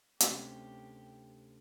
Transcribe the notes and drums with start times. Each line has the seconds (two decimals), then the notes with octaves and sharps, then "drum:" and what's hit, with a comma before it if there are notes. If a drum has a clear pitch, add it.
0.20 D2 C3 C#4 G4, drum: hi-hat